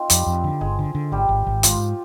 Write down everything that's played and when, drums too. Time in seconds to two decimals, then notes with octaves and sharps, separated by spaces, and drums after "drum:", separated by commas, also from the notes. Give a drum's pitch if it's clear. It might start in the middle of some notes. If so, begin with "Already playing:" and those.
Already playing: C4 D#4 F4
0.10 F2 G3 G4, drum: hi-hat
0.27 F2
0.44 D3
0.61 G1 G#3 G#4
0.79 D3
0.95 D3
1.12 G#1 G3 G4
1.29 G#1
1.47 G#1
1.63 G#2 F3 F4, drum: hi-hat